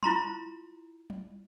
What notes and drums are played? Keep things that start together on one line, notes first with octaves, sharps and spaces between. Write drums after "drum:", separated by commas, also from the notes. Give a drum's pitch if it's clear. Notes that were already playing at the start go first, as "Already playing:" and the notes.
E4 F4 A#5 C6, drum: tom F#3
drum: tom F#3